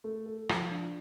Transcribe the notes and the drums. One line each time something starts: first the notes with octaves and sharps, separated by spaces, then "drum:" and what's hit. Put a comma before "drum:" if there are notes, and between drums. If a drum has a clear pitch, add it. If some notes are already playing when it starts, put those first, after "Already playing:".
A3
A4
F3, drum: rim click
D4